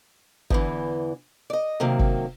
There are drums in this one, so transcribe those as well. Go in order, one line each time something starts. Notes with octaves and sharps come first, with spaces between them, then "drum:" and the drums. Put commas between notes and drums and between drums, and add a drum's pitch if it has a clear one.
E2 D3 E3, drum: kick
D5 D#5
C3 D#3 F#3 A#3
drum: kick